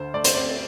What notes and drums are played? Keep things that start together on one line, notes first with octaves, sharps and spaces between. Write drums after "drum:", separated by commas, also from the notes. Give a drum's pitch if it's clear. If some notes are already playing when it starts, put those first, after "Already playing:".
Already playing: D2 D3 C5
A3 D5
C5, drum: hi-hat
C4 D5